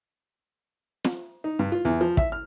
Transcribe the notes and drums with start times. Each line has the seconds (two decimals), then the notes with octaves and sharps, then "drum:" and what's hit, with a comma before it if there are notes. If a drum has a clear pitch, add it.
1.04 drum: snare
1.44 D#4
1.59 G2
1.72 F4
1.85 E2
2.01 F3
2.17 E5, drum: kick
2.32 F6